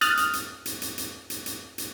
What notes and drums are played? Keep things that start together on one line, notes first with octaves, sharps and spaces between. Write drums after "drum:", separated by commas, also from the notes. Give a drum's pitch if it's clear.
D#6 F6 F#6 A6, drum: hi-hat
drum: hi-hat
drum: hi-hat
drum: hi-hat
drum: hi-hat
drum: hi-hat
drum: hi-hat
drum: hi-hat
drum: hi-hat